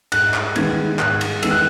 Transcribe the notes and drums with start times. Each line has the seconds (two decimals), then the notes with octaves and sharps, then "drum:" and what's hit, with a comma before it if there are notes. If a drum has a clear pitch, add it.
0.12 G#2 F#6, drum: cymbal
0.34 drum: clap
0.56 D#3 G#3 B3 G#6, drum: cymbal
0.99 G#2 F#6, drum: clap
1.21 drum: cymbal
1.43 D#3 G#3 B3 E6, drum: cymbal
1.51 F#6